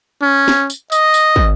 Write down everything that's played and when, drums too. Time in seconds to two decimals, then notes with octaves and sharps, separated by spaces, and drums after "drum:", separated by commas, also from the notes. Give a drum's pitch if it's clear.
0.22 C#4
0.48 drum: snare
0.70 drum: tambourine
0.92 D#5, drum: tambourine
1.14 drum: tambourine
1.36 drum: kick